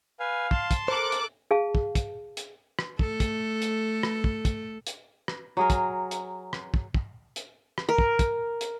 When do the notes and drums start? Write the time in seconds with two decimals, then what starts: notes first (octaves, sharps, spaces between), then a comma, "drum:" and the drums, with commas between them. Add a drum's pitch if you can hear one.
0.20 B4 F5 G#5
0.51 A5 C6, drum: kick
0.71 drum: kick, hi-hat
0.88 A4 A#4 C5 D6 F#6
1.12 drum: hi-hat
1.51 G#4 F5 A5
1.75 drum: kick
1.95 drum: kick, hi-hat
2.37 drum: hi-hat
2.79 drum: rim click
2.99 A3 A4, drum: kick
3.20 drum: kick, hi-hat
3.62 drum: hi-hat
4.03 drum: rim click
4.24 drum: kick
4.45 drum: kick, hi-hat
4.87 drum: hi-hat
5.28 drum: rim click
5.57 F#3 G#4 A#4
5.70 drum: kick, hi-hat
6.11 drum: hi-hat
6.53 drum: rim click
6.74 drum: kick
6.94 drum: kick
7.36 drum: hi-hat
7.78 drum: rim click
7.89 A#4
7.98 drum: kick
8.19 drum: kick, hi-hat
8.61 drum: hi-hat